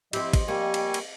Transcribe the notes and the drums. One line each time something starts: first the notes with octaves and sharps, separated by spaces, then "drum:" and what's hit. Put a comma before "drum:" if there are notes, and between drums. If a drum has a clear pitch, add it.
F3 C4 E4 G4 D#5 E5, drum: cymbal
drum: kick, cymbal
G3 A#3 G4 G#5 C#6
drum: cymbal
drum: cymbal